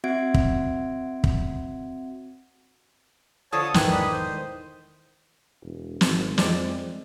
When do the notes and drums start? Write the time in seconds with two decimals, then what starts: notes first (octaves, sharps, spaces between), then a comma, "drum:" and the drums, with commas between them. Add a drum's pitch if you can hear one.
0.04 C4 F#4 E5 F#5 G#6 D7
0.34 drum: kick
1.24 drum: kick
3.52 D3 F3 A4 C#5 A5 D#6
3.74 E1 G#2 D#3 E3 G#5 F#6, drum: snare
3.91 D4 B5
4.12 C5
5.63 E1
6.01 G#1 C4, drum: snare
6.38 F2 G#3 C4 D5, drum: snare